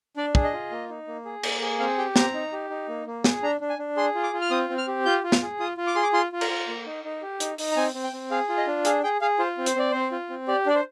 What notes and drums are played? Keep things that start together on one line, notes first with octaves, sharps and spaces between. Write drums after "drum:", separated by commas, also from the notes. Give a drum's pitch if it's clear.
D4 D5
G#4, drum: kick
D#5
F4
A#3
D#4
A#3
G#4
A#3, drum: cymbal
G#4
C4 F5
G4 G5
C4 A#5, drum: snare
D#4
G4
D#4
A#3
A#3
G#4, drum: snare
D4 A#5
D4
G#5
D4
G#4 C6
F4
D6
F4
F6
C4 D#6
C4
F6
G4
F4 G6
F4
F6, drum: snare
G#4
F4 D#6
F4
D6
G#4 C6
D6
F4 C6
F4
A#5, drum: cymbal
F4
A#3
D#4
D#4
G4
D#4, drum: hi-hat
D#4, drum: open hi-hat
A#5
C4 G#5
C4
G5
C4
G#4 F5
F4
D#5
D4
G#4 F5, drum: hi-hat
G#4 G5
G#4 F5
F4 C5
C4
C5, drum: hi-hat
C4 D5
C4 C5
F4
C4
G4 D5
D4 D5
C5